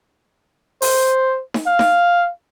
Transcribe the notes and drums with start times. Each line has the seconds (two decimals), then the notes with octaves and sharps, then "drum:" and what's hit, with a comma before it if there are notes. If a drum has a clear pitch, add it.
0.82 C5, drum: open hi-hat
1.54 drum: snare D#4
1.67 F5
1.79 drum: snare D#4